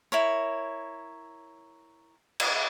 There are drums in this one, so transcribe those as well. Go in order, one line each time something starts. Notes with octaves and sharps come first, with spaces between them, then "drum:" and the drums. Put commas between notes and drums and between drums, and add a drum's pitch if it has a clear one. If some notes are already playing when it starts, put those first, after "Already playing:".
E4 A#4 C#5
drum: cymbal